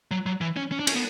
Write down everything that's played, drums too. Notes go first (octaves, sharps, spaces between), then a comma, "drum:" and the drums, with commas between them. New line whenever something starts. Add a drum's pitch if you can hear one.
F#3
F#3
E3
C#4
C#4
D4
C#4, drum: cymbal
B3